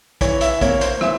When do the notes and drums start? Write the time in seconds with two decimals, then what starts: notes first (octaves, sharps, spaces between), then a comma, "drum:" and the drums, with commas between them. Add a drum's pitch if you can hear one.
0.21 E3 C#5, drum: kick A#1, hi-hat
0.41 E5, drum: hi-hat
0.61 A#3 C#5, drum: kick A#1, hi-hat
0.81 C5, drum: hi-hat
1.01 E3 E5, drum: rim click